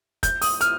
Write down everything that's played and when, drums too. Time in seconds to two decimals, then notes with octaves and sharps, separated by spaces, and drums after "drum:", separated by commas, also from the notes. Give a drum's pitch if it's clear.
0.23 G6, drum: kick, hi-hat
0.41 D#6, drum: open hi-hat
0.61 F6, drum: hi-hat